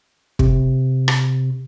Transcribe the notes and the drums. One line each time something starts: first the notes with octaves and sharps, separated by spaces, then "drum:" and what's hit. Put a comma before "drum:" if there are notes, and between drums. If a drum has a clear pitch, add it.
C3, drum: kick
drum: rim click